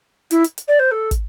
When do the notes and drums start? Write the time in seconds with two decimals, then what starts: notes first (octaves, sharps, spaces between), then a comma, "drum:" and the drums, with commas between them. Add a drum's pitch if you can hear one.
0.31 E4, drum: hi-hat
0.44 drum: hi-hat
0.58 drum: hi-hat
0.68 D5
0.79 C5
0.91 A4
1.11 drum: kick, hi-hat